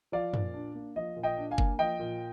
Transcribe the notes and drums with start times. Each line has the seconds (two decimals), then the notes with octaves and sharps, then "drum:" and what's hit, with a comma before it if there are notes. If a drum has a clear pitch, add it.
0.12 F3 D5 F5
0.34 A#2, drum: tom
0.54 D4
0.75 A#3
0.96 F3 D#5
1.16 A#2
1.23 D#5 G5
1.38 D4
1.51 F5 G#5
1.58 A#3, drum: kick G1
1.79 F3 D#5 G5
1.99 A#2